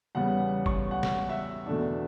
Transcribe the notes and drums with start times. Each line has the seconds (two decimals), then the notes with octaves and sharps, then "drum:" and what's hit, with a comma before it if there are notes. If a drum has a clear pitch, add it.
0.15 E2 C#3 G3 B3 F#5
0.66 C#6, drum: kick G#1
0.91 F#5
1.03 drum: snare
1.29 E5
1.66 E2 B2 A3 D4